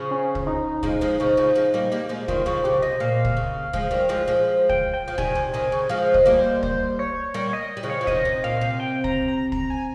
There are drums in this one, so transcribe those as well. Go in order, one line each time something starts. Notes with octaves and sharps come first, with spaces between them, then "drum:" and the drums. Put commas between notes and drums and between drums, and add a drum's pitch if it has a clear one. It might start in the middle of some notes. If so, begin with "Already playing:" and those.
Already playing: C#3 F3
C#4
drum: kick
D#4
F3 G#3, drum: kick
F3 G#3
C#3 F3
C#3 F3
F3 G#3
G3 A#3
G3 A#3
F3 G#3
D#3 G3 F4, drum: kick
C#3 F3
C#3 G4
C3 D#5
A#2 F5
drum: kick
C#3
F3 G#3, drum: kick
D#3 G3
F3 G#3
F3 G#3
G5, drum: kick
G5
F3
D#3 G3 G#5, drum: kick
C3
C3 D#3 G#5
C#3
F3 G#3 F5
D#5, drum: kick
G3 A#3
C5
C5, drum: kick
C#5
G3 A#3 C#5
D#5
G3
C#3 F3
C#5
F3
C3 D#3 D#5, drum: kick
C3
A#2 F5
C3
G5
A#5, drum: kick
A#5
A#5, drum: kick
G#5